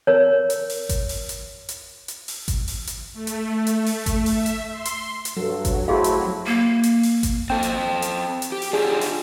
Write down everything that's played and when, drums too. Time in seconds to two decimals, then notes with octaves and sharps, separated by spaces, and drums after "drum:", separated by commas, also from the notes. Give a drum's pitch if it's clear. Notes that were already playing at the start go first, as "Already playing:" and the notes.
0.07 A#4 C#5
0.50 drum: hi-hat
0.70 drum: open hi-hat
0.89 drum: kick G#1, hi-hat
1.09 drum: open hi-hat
1.29 drum: hi-hat
1.69 drum: hi-hat
2.08 drum: hi-hat
2.28 drum: open hi-hat
2.48 drum: kick G#1, hi-hat
2.68 drum: open hi-hat
2.87 drum: hi-hat
3.13 A3
3.27 drum: hi-hat
3.67 drum: hi-hat
3.86 drum: open hi-hat
4.06 drum: kick G#1, hi-hat
4.26 E5, drum: open hi-hat
4.46 drum: hi-hat
4.71 C6
4.85 drum: hi-hat
5.25 drum: hi-hat
5.37 G2 F#3 A4
5.65 drum: kick G#1, hi-hat
5.88 A3 C4 E4 F#4 G#4 F5
6.04 drum: hi-hat
6.47 A#3
6.83 drum: hi-hat
7.03 drum: open hi-hat
7.23 drum: kick G#1, hi-hat
7.50 C4 A4 G5
7.63 drum: hi-hat
8.02 drum: hi-hat
8.42 drum: hi-hat
8.52 G4
8.62 drum: open hi-hat
8.73 D4 F4 G4 G#4
9.01 drum: open hi-hat